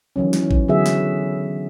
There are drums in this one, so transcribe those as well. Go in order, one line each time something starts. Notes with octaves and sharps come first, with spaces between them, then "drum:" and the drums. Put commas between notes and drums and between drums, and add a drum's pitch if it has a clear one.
D#3 E3 F#3 C#4
drum: snare
drum: kick A1
D3 F#3 B3 F#4 G#4 E5
drum: snare